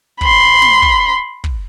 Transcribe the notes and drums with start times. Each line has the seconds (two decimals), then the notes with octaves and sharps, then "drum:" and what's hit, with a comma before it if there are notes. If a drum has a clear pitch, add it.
0.21 B5 C6, drum: kick
0.62 drum: snare
0.82 drum: kick
1.44 drum: kick